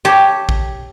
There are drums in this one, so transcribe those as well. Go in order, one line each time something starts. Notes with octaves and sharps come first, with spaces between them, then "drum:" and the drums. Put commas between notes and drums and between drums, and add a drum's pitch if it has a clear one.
G4 C#5 A5
drum: kick